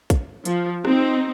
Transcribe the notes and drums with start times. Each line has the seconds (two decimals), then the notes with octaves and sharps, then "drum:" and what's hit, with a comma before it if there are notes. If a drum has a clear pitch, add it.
0.10 drum: kick, hi-hat
0.45 F3, drum: hi-hat
0.85 C4 D#4, drum: rim click